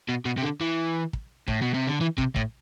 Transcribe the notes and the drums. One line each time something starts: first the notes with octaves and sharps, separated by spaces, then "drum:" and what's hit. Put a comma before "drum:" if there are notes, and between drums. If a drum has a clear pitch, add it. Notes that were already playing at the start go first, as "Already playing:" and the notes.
B2
B2
C3
D3
E3
drum: kick
A2, drum: kick
B2
C3
D3
E3
C3, drum: kick
A2, drum: kick